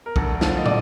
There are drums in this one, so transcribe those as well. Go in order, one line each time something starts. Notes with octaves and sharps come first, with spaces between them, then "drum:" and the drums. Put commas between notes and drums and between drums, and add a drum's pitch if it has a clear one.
A#4
D2 A4, drum: kick
D3 F3, drum: snare
D#5
D5, drum: tom